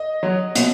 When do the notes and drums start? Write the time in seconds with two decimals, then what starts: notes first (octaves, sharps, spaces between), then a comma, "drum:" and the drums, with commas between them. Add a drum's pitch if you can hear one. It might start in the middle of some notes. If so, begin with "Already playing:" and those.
Already playing: D#5
0.23 F#3
0.55 B2, drum: hi-hat